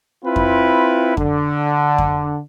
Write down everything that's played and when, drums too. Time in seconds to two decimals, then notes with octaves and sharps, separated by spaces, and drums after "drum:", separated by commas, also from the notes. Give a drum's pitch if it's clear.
0.25 C4 E4 F4 B4
0.36 drum: kick F2
1.17 D3, drum: kick F2
1.98 drum: kick F2